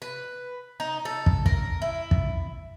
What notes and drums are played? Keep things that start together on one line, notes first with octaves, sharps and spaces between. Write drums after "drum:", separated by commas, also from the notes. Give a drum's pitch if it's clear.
B4
D#4
A4
drum: kick
A#4, drum: kick
E4
drum: kick